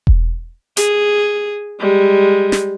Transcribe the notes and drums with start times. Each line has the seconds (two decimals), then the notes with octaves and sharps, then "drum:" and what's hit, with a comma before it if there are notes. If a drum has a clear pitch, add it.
0.07 drum: kick E1
0.77 G#4, drum: hi-hat
1.80 G3 G#3
2.52 drum: snare